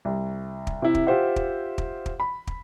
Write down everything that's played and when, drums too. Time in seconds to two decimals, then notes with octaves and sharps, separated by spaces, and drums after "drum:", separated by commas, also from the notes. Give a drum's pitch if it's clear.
0.05 C2
0.67 drum: kick
0.82 C3 E4
0.95 drum: kick
1.06 F4 G4 C5 E5 F#5
1.36 drum: kick
1.78 drum: kick
2.06 drum: kick
2.20 B5
2.47 drum: kick